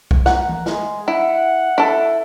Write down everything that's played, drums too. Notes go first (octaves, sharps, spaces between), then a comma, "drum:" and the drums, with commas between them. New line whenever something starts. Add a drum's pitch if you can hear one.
drum: kick B1
A#4 F#5, drum: snare
drum: tom E3
G#3, drum: snare
E4 F#5
E4 A4